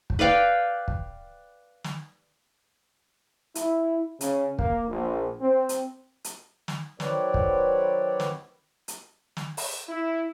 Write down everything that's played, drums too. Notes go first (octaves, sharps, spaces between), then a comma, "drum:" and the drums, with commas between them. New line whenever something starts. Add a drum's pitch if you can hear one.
drum: kick
B4 D5 F5 G5
drum: kick
drum: snare
E4, drum: hi-hat
C#3, drum: hi-hat
A#3, drum: kick
A#1
C4
drum: hi-hat
drum: hi-hat
drum: snare
D#3 F#3 C4 B4 C#5 D5, drum: snare
drum: kick
drum: snare
drum: hi-hat
drum: snare
drum: open hi-hat
E4